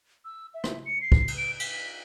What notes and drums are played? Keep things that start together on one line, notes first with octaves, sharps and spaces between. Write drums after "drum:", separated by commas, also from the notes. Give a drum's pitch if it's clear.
E6
E5
drum: rim click
C#7
C7
drum: kick
drum: cymbal
D7
B6, drum: cymbal